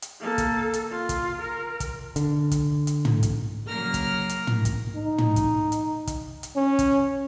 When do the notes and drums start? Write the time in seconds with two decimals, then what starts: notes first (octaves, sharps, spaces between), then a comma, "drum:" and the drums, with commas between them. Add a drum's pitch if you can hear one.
0.02 drum: hi-hat
0.20 A#3 A4
0.38 drum: kick, hi-hat
0.74 drum: hi-hat
0.91 F4
1.09 drum: kick, hi-hat
1.41 A#4
1.80 drum: kick, hi-hat
2.16 D3, drum: hi-hat
2.51 drum: kick, hi-hat
2.87 drum: hi-hat
3.05 drum: tom
3.23 drum: kick, hi-hat
3.67 C#3 F#3 A#3 A#4 F6 A#6
3.94 drum: kick, hi-hat
4.29 drum: hi-hat
4.47 drum: tom
4.65 drum: kick, hi-hat
4.96 D#4
5.18 drum: tom
5.36 drum: kick, hi-hat
5.72 drum: hi-hat
6.07 drum: kick, hi-hat
6.43 drum: hi-hat
6.56 C#4
6.79 drum: kick, hi-hat